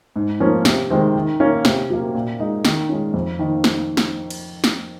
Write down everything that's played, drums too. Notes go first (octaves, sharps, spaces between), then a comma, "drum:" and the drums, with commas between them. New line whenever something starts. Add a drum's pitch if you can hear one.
G#2
F3 A#3 C#4
C3, drum: snare
D#3 G#3 C4
D#3
A#3 C#4
C3, drum: snare
F#3 A#3
A#2
G#3 D#4
D#3, drum: snare
G#3 C#4
F2
D#3 A#3 D#4
drum: snare
drum: snare
drum: cymbal
drum: snare